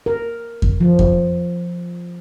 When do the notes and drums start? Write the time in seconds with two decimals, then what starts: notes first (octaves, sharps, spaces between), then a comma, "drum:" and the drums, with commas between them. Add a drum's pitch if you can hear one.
0.06 A#4
0.62 drum: kick F2
0.81 F3
0.99 drum: kick F2